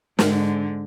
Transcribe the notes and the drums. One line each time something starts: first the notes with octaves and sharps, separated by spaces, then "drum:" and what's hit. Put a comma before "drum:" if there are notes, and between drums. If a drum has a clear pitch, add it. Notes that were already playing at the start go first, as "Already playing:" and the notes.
G#2 D3, drum: snare